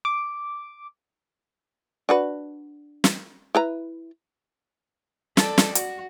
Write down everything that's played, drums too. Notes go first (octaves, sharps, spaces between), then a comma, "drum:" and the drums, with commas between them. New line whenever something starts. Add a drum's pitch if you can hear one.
D6
D4 F#4 B4
drum: snare
E4 B4 A#5
A4 D5, drum: snare
drum: snare
F#4, drum: hi-hat